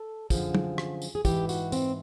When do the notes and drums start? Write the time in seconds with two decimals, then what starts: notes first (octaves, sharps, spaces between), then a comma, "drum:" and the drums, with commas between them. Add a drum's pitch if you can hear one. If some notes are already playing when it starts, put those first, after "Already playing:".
Already playing: A4
0.30 F#2 D3 F3 G#4, drum: kick, tambourine
0.55 drum: tom
0.78 drum: rim click
1.02 drum: tambourine
1.15 G#4
1.25 G#2 E3 G4, drum: kick, tambourine
1.49 F#4, drum: tambourine
1.72 C4, drum: tambourine